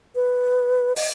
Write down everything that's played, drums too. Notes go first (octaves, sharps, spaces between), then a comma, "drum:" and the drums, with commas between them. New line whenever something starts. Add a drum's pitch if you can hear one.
B4
D#5, drum: open hi-hat